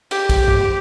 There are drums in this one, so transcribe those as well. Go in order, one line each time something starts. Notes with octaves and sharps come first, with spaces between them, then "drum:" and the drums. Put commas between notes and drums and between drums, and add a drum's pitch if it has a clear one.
G4, drum: cymbal
drum: kick, cymbal
drum: tom G2